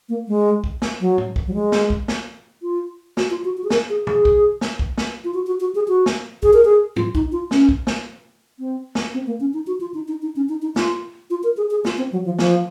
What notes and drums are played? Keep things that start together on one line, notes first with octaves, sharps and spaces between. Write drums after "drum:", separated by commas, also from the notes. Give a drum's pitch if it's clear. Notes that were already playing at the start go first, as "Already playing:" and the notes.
A#3
G#3
drum: kick C2
drum: snare
F#3
drum: tom A2
drum: kick C2
F#3
G#3
drum: snare
drum: kick C2
drum: snare
F4
F#4, drum: snare
F4
F#4
F#4
G#4
A#4, drum: snare
G#4
G#4, drum: tom
drum: kick C2
drum: snare
drum: kick C2
drum: snare
F4
F#4
F#4
F#4
G#4
F#4
drum: snare
G#4, drum: kick C2
A#4
G#4
F4, drum: tom
D#4, drum: kick C2
F4
C#4, drum: snare
drum: kick C2
drum: snare
C4
drum: snare
C4
A#3
C#4
D#4
F#4
F4
D#4
D#4
D#4
C#4
D#4
D#4
F4, drum: snare
F4
A#4
G#4
G#4
F4, drum: snare
C4
F#3
F3
F3, drum: snare